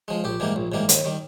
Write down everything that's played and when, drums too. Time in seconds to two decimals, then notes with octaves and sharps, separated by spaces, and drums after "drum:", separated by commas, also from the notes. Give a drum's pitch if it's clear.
0.08 F3 G#3
0.24 A#1 G4
0.40 G#2 E3 G3 A#3
0.56 A#1
0.72 G#2 E3 G3 A#3
0.89 D#2, drum: hi-hat
1.05 D#3 G3